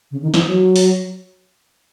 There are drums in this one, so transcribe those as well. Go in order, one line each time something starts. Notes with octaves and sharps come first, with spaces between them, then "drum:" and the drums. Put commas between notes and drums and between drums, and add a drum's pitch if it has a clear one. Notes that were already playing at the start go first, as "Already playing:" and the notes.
C#3
D#3
E3, drum: snare
F#3
drum: open hi-hat